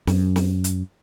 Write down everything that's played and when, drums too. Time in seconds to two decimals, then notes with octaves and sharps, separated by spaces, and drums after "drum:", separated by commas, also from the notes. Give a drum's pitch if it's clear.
0.07 F#2, drum: snare
0.36 drum: snare
0.64 drum: hi-hat